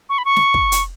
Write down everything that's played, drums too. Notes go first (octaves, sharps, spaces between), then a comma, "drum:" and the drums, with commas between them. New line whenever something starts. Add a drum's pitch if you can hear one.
C#6
B5
C#6
drum: snare
drum: kick
drum: hi-hat